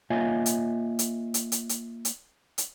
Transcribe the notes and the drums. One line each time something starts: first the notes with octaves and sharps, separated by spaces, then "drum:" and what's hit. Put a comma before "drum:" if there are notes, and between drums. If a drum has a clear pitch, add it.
A#3 F4 C#5 D#5 E5 G#5
drum: hi-hat
drum: hi-hat
drum: hi-hat
drum: hi-hat
drum: hi-hat
drum: hi-hat
drum: hi-hat